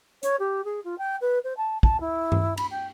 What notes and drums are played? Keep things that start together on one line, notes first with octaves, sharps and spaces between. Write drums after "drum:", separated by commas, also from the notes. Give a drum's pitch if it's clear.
C#5, drum: hi-hat
G4
G#4
F4
G5
B4
C5
A5
A5, drum: kick
E4
drum: tom G2
B5, drum: cymbal
G5